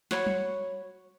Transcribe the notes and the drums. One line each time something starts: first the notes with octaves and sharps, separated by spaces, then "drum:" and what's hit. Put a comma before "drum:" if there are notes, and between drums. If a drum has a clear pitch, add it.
F#4 C#5 B5, drum: snare
drum: tom F#3